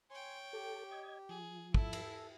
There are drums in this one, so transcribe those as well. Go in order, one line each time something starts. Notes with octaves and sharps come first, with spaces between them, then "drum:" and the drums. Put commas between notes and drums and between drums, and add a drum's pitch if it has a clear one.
C#5 G5 G#5 C6
G4 A4
D#5 G#6
F3 G#4
E4 A4, drum: kick
drum: cymbal